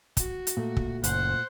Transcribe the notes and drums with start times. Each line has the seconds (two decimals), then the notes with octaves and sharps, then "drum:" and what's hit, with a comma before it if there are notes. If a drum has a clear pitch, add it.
0.17 F#4, drum: kick, hi-hat
0.47 drum: hi-hat
0.57 A#2 A3
0.77 drum: kick
1.04 F#1 C5 F#5, drum: hi-hat